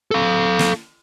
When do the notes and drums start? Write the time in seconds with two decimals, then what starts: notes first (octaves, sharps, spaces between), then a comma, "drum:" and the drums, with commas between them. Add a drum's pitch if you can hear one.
0.11 A4 F5
0.59 drum: snare